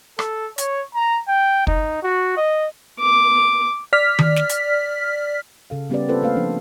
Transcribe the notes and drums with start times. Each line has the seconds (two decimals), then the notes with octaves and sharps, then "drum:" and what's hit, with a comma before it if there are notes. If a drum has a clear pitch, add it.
0.19 A4, drum: rim click
0.58 C#5, drum: hi-hat
0.95 A#5
1.28 G5
1.67 D#4, drum: kick
2.03 F#4
2.37 D#5
3.00 D6
3.93 D5 F6 B6
4.19 drum: tom D#3
4.36 drum: snare
4.49 drum: hi-hat
5.70 C#3 A4 F5
5.90 G3 B3 C#4 G4 B4 D5
6.09 A#3 C4 F4 A4 B4 C5
6.22 A3 A#3 B4 F5
6.36 F3 D4